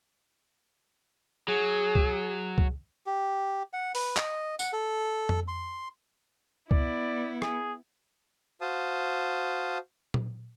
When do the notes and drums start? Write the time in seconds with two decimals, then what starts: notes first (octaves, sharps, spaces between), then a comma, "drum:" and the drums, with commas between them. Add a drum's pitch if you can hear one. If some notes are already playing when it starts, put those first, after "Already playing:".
1.48 F#3 G#4
1.95 drum: kick C#2
2.58 drum: kick C#2
3.06 G4
3.73 F#5
3.95 B4, drum: open hi-hat
4.16 D#5, drum: clap
4.59 F#5, drum: tambourine
4.73 A4
5.29 drum: tom F2
5.48 C6
6.71 B3 E4 D5, drum: kick C#2
7.42 G#4, drum: rim click
8.61 F#4 C5 F5 A5 D#6
10.14 drum: tom A#2